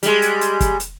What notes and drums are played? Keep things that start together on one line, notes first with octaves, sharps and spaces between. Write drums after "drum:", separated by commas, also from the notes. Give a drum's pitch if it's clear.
G3 G#3, drum: hi-hat
drum: hi-hat
drum: hi-hat
drum: kick, hi-hat
drum: hi-hat